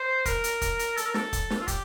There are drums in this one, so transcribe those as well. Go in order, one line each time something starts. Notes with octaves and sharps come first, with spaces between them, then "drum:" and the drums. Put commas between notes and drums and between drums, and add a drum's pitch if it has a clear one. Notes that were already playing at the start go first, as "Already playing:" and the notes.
Already playing: C5
A#4, drum: kick, hi-hat
drum: hi-hat
drum: kick, hi-hat
drum: hi-hat
A4, drum: hi-hat
A#4
A4, drum: snare
drum: kick, hi-hat
drum: snare
F4
G4, drum: kick, hi-hat